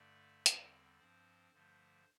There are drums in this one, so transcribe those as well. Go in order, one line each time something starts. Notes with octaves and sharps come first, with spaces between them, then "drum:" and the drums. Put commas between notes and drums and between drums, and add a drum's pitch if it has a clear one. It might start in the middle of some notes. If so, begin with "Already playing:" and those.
Already playing: G2 D3 A3 D5
E2 D3 G3 C4, drum: hi-hat
G2 F3 C4 C5
G2 D3 F3 A3